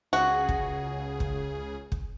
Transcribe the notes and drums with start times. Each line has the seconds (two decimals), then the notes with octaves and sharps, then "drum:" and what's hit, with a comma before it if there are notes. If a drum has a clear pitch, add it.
0.13 C#2 C#3 F#4 G#4
0.49 drum: kick
1.20 drum: kick
1.92 drum: kick